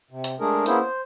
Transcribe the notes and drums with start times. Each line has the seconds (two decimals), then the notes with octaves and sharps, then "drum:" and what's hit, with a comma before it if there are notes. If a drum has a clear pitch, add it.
0.11 C3
0.24 drum: hi-hat
0.40 G#3 A3 D4 G#4 A#4
0.66 A#3 B3 C#4 E4 G#4 C5, drum: hi-hat
0.80 C5